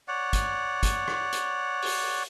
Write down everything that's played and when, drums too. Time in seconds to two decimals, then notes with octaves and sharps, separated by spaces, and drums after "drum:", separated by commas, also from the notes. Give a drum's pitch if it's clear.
0.08 C#5 D5 F#5
0.33 drum: kick, hi-hat
0.83 drum: kick, hi-hat
1.08 drum: rim click
1.33 drum: hi-hat
1.82 drum: open hi-hat